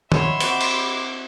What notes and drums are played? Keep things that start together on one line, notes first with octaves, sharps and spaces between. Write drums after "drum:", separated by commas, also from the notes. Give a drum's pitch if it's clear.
C#5 D#5 E5 F#5 B5 C6, drum: tom
C4 F#4 D6, drum: hi-hat
drum: cymbal